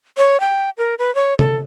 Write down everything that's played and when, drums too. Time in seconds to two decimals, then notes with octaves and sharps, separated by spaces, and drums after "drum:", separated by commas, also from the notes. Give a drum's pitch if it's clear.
0.17 C#5
0.40 G5
0.78 A#4
0.99 B4
1.15 C#5
1.39 A4, drum: tom C3